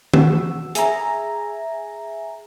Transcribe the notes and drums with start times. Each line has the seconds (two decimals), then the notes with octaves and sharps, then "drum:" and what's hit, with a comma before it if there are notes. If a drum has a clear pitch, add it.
0.14 F#4 E6, drum: tom D#3
0.75 G#4 E5 G#5 A#5, drum: hi-hat